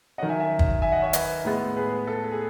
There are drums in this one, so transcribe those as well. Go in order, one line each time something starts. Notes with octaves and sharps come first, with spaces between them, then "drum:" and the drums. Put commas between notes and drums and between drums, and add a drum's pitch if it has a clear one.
D#3 F#3 C#4 D#5 F#5
E5 G#5
E5 G#5
drum: kick
E5 G#5
D#5 F#5
C#5 E5
B4 D#5, drum: hi-hat
A2 G#3 B3
G#4 B4
A4
G#4